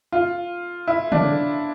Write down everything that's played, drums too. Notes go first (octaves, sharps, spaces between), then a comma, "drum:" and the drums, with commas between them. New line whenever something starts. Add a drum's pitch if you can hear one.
F4
E4
D4, drum: tom